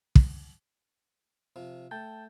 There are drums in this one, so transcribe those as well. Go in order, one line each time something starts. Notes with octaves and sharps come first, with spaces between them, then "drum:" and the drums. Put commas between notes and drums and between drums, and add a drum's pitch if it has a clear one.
drum: kick
C3 F3 F4
A3 G5 A5 G6